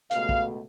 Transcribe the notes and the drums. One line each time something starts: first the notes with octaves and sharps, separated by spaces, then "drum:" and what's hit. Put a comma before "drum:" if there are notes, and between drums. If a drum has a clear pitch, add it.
C#2 B2 A3 F5, drum: hi-hat
drum: kick